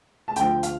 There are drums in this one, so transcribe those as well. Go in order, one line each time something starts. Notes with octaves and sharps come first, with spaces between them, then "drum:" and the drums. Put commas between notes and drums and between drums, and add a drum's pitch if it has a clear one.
A5
D2 D3 F3 G5, drum: hi-hat
F5, drum: hi-hat